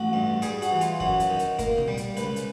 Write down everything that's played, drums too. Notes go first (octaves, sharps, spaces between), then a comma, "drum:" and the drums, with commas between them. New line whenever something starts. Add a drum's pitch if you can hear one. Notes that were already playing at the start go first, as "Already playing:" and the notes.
Already playing: A1 F#4
G2
G3 G#4, drum: hi-hat
F#4, drum: hi-hat
E3
F4, drum: hi-hat
F#2 F#4, drum: kick G1
drum: hi-hat
D#3
drum: hi-hat
A#3 A#4, drum: kick G1, hi-hat
drum: tom
G3
drum: hi-hat
C#2 B4, drum: hi-hat
drum: hi-hat